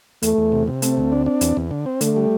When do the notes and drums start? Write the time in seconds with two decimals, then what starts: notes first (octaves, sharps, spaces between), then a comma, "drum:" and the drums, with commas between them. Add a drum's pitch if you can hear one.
0.22 E2 A3, drum: hi-hat
0.38 E2
0.52 C3
0.68 C3
0.82 A3 C4, drum: hi-hat
0.97 D2
1.12 D4
1.26 D4
1.41 E2, drum: hi-hat
1.57 E2
1.71 D3
1.86 C4
2.01 D3 A3, drum: hi-hat
2.16 G3